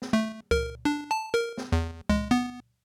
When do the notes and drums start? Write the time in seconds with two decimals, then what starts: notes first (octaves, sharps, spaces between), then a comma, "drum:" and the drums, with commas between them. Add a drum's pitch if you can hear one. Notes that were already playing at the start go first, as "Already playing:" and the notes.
0.02 drum: snare
0.13 A3
0.51 A#4, drum: kick C#2
0.85 D4
1.11 A5
1.34 A#4
1.58 drum: snare
1.72 E2
2.10 G#3, drum: kick C#2
2.31 B3